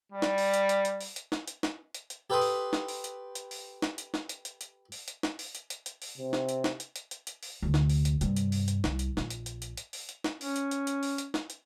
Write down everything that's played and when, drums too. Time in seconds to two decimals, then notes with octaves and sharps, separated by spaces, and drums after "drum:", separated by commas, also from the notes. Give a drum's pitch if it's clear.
0.12 G3
0.22 drum: snare
0.38 drum: open hi-hat
0.54 drum: hi-hat
0.69 drum: hi-hat
0.85 drum: hi-hat
1.01 drum: open hi-hat
1.16 drum: hi-hat
1.32 drum: snare
1.48 drum: hi-hat
1.63 drum: snare
1.94 drum: hi-hat
2.10 drum: hi-hat
2.30 G4 A4 B4 G5 C6 D#6
2.41 drum: open hi-hat
2.73 drum: snare
2.88 drum: open hi-hat
3.04 drum: hi-hat
3.35 drum: hi-hat
3.51 drum: open hi-hat
3.82 drum: snare
3.98 drum: hi-hat
4.14 drum: snare
4.29 drum: hi-hat
4.45 drum: hi-hat
4.61 drum: hi-hat
4.92 drum: open hi-hat
5.08 drum: hi-hat
5.23 drum: snare
5.39 drum: open hi-hat
5.55 drum: hi-hat
5.70 drum: hi-hat
5.86 drum: hi-hat
6.02 drum: open hi-hat
6.17 C3
6.33 drum: snare
6.49 drum: hi-hat
6.64 drum: snare
6.80 drum: hi-hat
6.96 drum: hi-hat
7.11 drum: hi-hat
7.27 drum: hi-hat
7.43 drum: open hi-hat
7.62 D2 C3
7.74 drum: snare
7.90 drum: open hi-hat
8.05 drum: hi-hat
8.21 G2 C3, drum: hi-hat
8.37 drum: hi-hat
8.52 drum: open hi-hat
8.68 drum: hi-hat
8.84 C2, drum: snare
8.99 drum: hi-hat
9.17 A#1, drum: snare
9.30 drum: hi-hat
9.46 drum: hi-hat
9.62 drum: hi-hat
9.77 drum: hi-hat
9.93 drum: open hi-hat
10.09 drum: hi-hat
10.24 drum: snare
10.41 C#4, drum: open hi-hat
10.56 drum: hi-hat
10.71 drum: hi-hat
10.87 drum: hi-hat
11.03 drum: open hi-hat
11.18 drum: hi-hat
11.34 drum: snare
11.50 drum: hi-hat